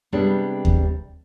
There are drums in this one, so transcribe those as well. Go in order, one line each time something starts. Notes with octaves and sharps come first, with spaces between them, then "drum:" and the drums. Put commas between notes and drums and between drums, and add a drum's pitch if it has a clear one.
C3 G3 G#3 B3 C4 D4
drum: kick D#2